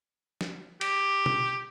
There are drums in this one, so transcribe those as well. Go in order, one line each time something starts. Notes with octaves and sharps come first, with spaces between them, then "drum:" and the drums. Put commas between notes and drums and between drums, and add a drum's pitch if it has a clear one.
drum: snare
G4, drum: cymbal
drum: tom B2